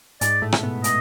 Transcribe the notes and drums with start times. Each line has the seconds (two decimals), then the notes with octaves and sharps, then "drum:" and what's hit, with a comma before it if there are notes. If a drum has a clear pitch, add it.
0.21 G#2 G#3 D5, drum: hi-hat
0.42 A2 A3
0.52 drum: rim click
0.63 B2 B3
0.84 D#5, drum: hi-hat